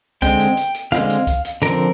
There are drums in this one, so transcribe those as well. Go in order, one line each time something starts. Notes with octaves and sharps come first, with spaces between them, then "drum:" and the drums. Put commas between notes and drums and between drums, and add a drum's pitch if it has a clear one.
D3 G#3 C4 G5, drum: kick, hi-hat
drum: hi-hat
drum: hi-hat
drum: hi-hat
D3 G#3 C4 F5, drum: snare
drum: hi-hat
drum: kick, hi-hat
drum: hi-hat
D3 F3 C4 A#4, drum: hi-hat